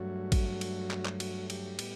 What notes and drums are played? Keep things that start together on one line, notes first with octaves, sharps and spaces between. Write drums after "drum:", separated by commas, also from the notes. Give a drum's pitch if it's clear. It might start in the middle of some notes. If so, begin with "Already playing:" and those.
Already playing: G2 F#3 A3 F#4
drum: kick A1, cymbal
drum: cymbal
drum: clap
drum: clap
F#4, drum: cymbal
G4, drum: cymbal
A2 G3 B3, drum: cymbal